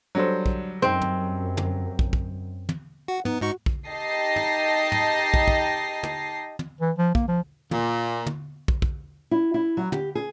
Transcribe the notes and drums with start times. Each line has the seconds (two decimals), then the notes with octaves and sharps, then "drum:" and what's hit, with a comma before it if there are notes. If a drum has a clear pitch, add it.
0.15 F#3 G3 D4 A4 C5
0.46 drum: kick
0.82 F#2 C4 D#4 G5
1.01 drum: tom
1.57 drum: tom
1.99 drum: kick
2.13 drum: kick
2.69 drum: tom
3.08 F#4 F#5
3.25 B3 D#4, drum: tom
3.41 G#2 D#4 F#4 C#6
3.66 drum: kick
3.88 D#4 G4 D#5 A5 A#6 C7
4.36 drum: tom
4.92 drum: tom
5.34 drum: kick
5.48 drum: kick
6.03 drum: tom
6.59 drum: tom
6.81 E3
6.98 F3
7.15 A#3, drum: kick
7.28 F3
7.71 A#2, drum: tom
8.26 drum: tom
8.68 drum: kick
8.82 drum: kick
9.31 E4
9.54 E4
9.77 F#3
9.92 G4, drum: tom
10.15 G#4